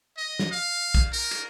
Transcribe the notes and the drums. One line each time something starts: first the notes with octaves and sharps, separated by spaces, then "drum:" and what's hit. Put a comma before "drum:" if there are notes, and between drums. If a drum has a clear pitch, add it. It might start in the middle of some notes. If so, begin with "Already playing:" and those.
D#5
drum: snare
F5
drum: kick, cymbal
A#4
drum: cymbal